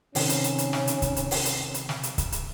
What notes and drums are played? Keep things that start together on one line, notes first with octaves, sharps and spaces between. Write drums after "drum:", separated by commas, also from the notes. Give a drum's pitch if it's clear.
C3 D#3 C#4, drum: open hi-hat
drum: hi-hat
drum: hi-hat
drum: hi-hat
drum: snare
drum: hi-hat
drum: kick C#1, hi-hat
drum: hi-hat
drum: open hi-hat
drum: hi-hat
drum: hi-hat
drum: snare
drum: hi-hat
drum: kick C#1, hi-hat
drum: hi-hat